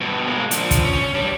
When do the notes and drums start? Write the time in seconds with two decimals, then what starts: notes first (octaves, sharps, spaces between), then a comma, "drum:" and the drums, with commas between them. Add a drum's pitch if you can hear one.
0.01 G2 B2
0.27 G#3 A#3
0.51 F3 D4, drum: hi-hat
0.71 drum: kick, hi-hat
0.84 C#4
1.15 G3 D4